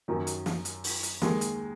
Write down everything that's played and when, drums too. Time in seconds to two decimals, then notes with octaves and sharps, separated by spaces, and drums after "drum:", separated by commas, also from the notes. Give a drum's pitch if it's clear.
0.08 F#2 D#3 F#3
0.27 drum: hi-hat
0.46 drum: snare
0.65 drum: hi-hat
0.84 drum: open hi-hat
1.03 drum: hi-hat
1.22 D#2 D#3 G#3, drum: snare
1.41 drum: hi-hat